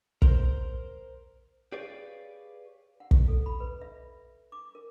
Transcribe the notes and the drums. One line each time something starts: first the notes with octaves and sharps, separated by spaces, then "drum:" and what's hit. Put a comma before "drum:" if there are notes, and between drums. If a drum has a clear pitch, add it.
A#4 C5, drum: kick
G4 G#4 B4 C#5 D5 F5
F#5
drum: kick
A4
B5
B4
E5
D6
A#4